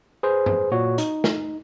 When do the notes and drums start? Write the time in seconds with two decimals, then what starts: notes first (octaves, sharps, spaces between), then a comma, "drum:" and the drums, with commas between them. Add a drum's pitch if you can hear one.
0.23 G#4 B4 C5
0.46 drum: tom G2
0.72 A#2 F#4 C#5
0.98 D#4, drum: hi-hat
1.24 drum: snare